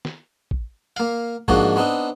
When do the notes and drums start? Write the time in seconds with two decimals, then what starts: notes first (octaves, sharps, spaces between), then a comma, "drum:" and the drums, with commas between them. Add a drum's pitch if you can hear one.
0.05 drum: snare
0.51 drum: kick
0.96 A#3 F5, drum: hi-hat
1.48 G#2 F3 A#3 D4 D#4 F#4, drum: kick
1.76 B3 C4 D4 D#4